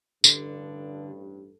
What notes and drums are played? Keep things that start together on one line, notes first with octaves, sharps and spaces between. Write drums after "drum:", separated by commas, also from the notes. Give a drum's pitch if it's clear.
A1 G2 D3, drum: tambourine